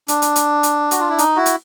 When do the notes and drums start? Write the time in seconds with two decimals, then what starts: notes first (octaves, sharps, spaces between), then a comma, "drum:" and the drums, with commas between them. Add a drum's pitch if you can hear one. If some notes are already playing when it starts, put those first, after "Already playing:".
0.08 D4, drum: hi-hat
0.22 drum: hi-hat
0.36 drum: hi-hat
0.63 drum: hi-hat
0.91 F#4, drum: hi-hat
1.00 F4
1.09 E4
1.18 D#4, drum: hi-hat
1.36 E4 F#4
1.46 drum: hi-hat